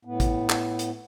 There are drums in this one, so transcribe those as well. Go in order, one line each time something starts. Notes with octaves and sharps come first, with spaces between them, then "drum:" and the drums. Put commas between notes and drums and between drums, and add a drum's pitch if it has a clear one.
A2 B3
drum: kick A1, hi-hat
drum: clap
drum: hi-hat